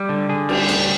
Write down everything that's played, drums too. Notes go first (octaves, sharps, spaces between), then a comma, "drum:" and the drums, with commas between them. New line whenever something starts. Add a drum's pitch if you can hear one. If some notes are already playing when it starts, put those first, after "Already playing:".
Already playing: G3
D3
D3 G#4
G3, drum: cymbal
D2, drum: hi-hat